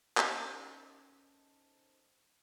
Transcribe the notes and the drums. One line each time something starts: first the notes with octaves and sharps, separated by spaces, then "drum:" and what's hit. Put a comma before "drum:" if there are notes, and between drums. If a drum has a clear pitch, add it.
C#4 D#4 A4 A#4 C5, drum: clap